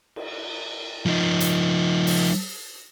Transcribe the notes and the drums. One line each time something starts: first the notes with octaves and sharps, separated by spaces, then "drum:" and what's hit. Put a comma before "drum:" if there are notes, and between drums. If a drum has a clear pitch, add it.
drum: cymbal
F3 D#4
drum: hi-hat
drum: open hi-hat